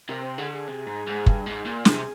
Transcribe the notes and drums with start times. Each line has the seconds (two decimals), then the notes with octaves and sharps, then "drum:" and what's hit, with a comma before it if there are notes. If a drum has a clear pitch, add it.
0.09 C3 A#4
0.23 C5
0.38 D3 G#4
0.53 G#4
0.68 C3
0.87 G#2
1.07 G#2
1.26 G2, drum: kick
1.46 G#2
1.65 A#2
1.85 C3 G#4, drum: snare